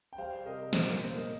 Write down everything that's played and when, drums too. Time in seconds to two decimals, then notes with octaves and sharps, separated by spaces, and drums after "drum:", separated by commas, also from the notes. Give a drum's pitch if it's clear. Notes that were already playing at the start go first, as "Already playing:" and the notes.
0.13 G5
0.18 G3 C5 F5
0.46 C3 A#4 D#5
0.73 A#2 C5, drum: snare
0.87 A#4
1.01 A#2 C5
1.14 A#4 D#5